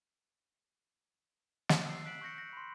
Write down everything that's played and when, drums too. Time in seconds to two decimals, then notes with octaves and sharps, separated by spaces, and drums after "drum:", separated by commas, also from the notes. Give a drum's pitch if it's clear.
1.69 drum: snare
1.86 E6 C7
2.06 F#6 B6 D7 E7 F#7
2.21 C#6 G6 A#6 C#7
2.38 A#6
2.53 B5 C6